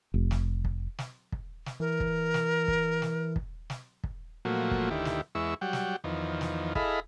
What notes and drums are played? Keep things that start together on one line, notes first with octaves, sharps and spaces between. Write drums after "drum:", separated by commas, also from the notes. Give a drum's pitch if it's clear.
F1
drum: snare
drum: kick
drum: snare
drum: kick
drum: snare
E3 A#4
drum: kick
drum: snare
drum: kick
drum: snare
drum: kick
drum: snare
drum: kick
A#2 F3 F#3 A3 A#3 F#4
drum: kick
D2 D#3 E4 G4
drum: snare
E2 G#3 E4 C#6 E6
F#3 G3 F#5 G5
drum: snare
E2 D#3 F3
drum: snare
E4 G#4 A4 D#5 F5 B5, drum: kick